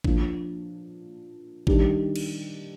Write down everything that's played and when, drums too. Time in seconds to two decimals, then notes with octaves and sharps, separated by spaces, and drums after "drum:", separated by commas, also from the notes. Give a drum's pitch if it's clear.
0.04 F3 A#3 D4, drum: kick
1.67 D#3 G3 D4 G4, drum: kick
2.16 drum: cymbal